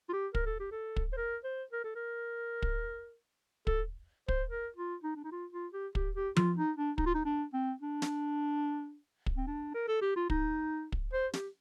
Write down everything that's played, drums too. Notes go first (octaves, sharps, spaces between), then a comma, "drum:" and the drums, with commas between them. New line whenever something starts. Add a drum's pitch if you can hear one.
F4
G4
A#4, drum: kick
A4
G4
A4
drum: kick
C5
A#4
C5
A#4
A4
A#4
drum: kick
A4, drum: kick
C5, drum: kick
A#4
F4
D#4
D4
D#4
F4
F4
G4
G4, drum: kick
G4
F4, drum: tom F3
D#4
D4
D#4, drum: kick
F4
D#4
D4
C4
D4
drum: snare
drum: kick
C4
D4
A#4
A4
G4
F4
D#4, drum: kick
drum: kick
C5
G4, drum: snare